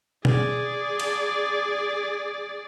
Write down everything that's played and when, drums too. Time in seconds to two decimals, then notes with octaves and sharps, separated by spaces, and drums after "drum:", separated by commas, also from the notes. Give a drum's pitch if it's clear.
0.25 G#4 D5, drum: tom B2
1.00 drum: cymbal